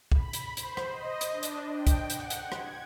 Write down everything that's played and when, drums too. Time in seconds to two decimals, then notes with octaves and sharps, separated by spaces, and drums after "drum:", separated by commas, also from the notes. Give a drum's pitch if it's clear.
0.12 B5, drum: kick
0.33 drum: hi-hat
0.57 C5, drum: hi-hat
0.77 drum: rim click
0.90 D#5
1.21 drum: hi-hat
1.32 D4
1.43 drum: hi-hat
1.71 G5
1.87 drum: kick, hi-hat
2.10 F#5, drum: hi-hat
2.30 drum: hi-hat
2.52 G#6, drum: rim click